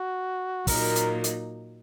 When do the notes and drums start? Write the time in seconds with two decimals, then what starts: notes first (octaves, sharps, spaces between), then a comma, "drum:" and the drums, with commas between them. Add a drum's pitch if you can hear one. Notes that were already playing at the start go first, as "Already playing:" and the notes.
Already playing: F#4
0.67 A#2 F#3 A#3 D#4 A#4, drum: kick, open hi-hat
0.96 drum: hi-hat
1.24 drum: hi-hat